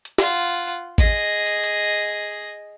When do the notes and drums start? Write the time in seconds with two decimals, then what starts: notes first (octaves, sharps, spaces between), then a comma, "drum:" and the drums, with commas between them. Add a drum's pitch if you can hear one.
0.05 drum: hi-hat
0.18 F4 F#5, drum: snare
0.98 G#4 D#5, drum: kick G#1
1.47 drum: hi-hat
1.64 drum: hi-hat